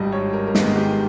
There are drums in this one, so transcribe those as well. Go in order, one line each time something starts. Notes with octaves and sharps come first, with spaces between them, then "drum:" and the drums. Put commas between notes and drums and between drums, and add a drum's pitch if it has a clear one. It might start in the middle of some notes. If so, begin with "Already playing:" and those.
Already playing: G#1 G2 G3 D#5
C#5
A#4
A#4
G#1 G2 D#3 G#3 B3 G#4, drum: snare
G4